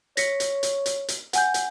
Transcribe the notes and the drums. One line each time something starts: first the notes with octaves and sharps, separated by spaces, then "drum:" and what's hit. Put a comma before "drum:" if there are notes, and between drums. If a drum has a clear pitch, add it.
C#5 A#6 B6 C#7, drum: hi-hat
drum: hi-hat
drum: hi-hat
drum: hi-hat
drum: hi-hat
F#5 G#5 G6, drum: hi-hat
drum: hi-hat